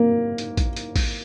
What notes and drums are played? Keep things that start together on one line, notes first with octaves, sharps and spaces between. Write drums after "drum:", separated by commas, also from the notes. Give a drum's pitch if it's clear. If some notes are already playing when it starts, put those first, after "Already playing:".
Already playing: A#3
drum: hi-hat
drum: kick A1, hi-hat
drum: hi-hat
drum: kick A1, open hi-hat